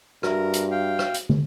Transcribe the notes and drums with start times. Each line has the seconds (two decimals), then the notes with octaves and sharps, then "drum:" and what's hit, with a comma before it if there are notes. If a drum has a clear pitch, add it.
0.23 G2 F#4 A#4 E5, drum: rim click
0.54 drum: hi-hat
0.71 F5 G5
0.99 drum: rim click
1.14 drum: hi-hat
1.29 drum: tom